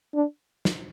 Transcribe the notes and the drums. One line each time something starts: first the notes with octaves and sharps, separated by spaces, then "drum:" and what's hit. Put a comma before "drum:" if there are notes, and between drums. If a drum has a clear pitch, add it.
D4
drum: snare